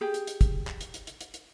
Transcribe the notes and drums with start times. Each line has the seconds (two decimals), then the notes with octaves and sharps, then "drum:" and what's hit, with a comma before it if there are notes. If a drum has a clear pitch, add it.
0.01 G4 G#4
0.14 drum: hi-hat
0.27 drum: hi-hat
0.41 drum: kick, hi-hat
0.67 drum: clap
0.81 drum: hi-hat
0.94 drum: hi-hat
1.07 drum: hi-hat
1.21 drum: hi-hat
1.34 drum: hi-hat